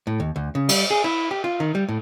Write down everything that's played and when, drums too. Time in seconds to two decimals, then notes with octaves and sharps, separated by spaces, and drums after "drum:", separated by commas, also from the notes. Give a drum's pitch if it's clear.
0.07 A2
0.20 D#2
0.36 D2
0.55 C#3
0.69 G3, drum: cymbal
0.91 G#4
1.04 E4
1.31 G4
1.44 F4
1.60 D#3
1.75 G3
1.89 A2